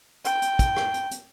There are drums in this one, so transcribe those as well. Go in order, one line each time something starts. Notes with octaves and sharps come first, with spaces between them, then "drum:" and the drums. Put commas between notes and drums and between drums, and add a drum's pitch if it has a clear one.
G5, drum: hi-hat
drum: hi-hat
drum: kick, hi-hat
drum: rim click
drum: hi-hat
drum: hi-hat